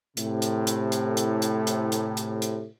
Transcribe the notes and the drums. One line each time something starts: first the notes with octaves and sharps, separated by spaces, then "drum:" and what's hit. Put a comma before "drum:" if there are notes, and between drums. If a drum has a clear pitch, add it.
A2 C3, drum: hi-hat
drum: hi-hat
drum: hi-hat
drum: hi-hat
drum: hi-hat
drum: hi-hat
drum: hi-hat
drum: hi-hat
drum: hi-hat
drum: hi-hat